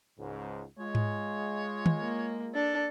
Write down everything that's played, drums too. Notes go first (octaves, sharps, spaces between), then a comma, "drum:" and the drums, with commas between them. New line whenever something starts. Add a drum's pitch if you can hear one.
C#2 G#2
G#3 F4 C#5
drum: tom G#2
drum: tom
A#3
D4 A4